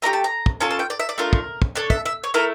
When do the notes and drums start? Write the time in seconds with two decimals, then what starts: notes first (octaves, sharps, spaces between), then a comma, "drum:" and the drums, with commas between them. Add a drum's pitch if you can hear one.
0.02 A3 E4 G4 A#5
0.13 A5
0.24 A#5
0.46 drum: kick
0.60 C#4 F4 A4 A5
0.71 A5
0.79 G5
0.90 D5
1.00 E5
1.09 D5
1.18 A3 D4 F4 A#4
1.33 drum: kick
1.62 drum: kick
1.75 D4 A4 C#5
1.90 E5, drum: kick
2.06 E5
2.24 C#5
2.34 A3 E4 A4 A#4